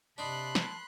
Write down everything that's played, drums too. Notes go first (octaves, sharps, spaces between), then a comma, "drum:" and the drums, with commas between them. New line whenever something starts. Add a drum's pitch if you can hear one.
C3 D4 D#4 A5 B5 C6 F#6
drum: snare